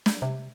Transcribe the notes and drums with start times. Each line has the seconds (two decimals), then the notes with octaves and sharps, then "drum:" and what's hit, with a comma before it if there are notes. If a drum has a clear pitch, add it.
0.06 drum: snare
0.22 C3